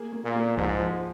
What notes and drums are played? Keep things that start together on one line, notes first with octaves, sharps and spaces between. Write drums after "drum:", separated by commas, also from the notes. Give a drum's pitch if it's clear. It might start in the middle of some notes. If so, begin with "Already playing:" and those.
Already playing: A#3 G#4
A#3
A#2
A#3
G#2 F3, drum: kick C2
F3